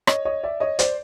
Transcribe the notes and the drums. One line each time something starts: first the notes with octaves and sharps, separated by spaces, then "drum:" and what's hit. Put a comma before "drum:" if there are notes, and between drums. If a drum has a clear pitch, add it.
C#5 D#5, drum: rim click
C#5 D#5
D5 E5
C#5 D#5
C5 D5, drum: hi-hat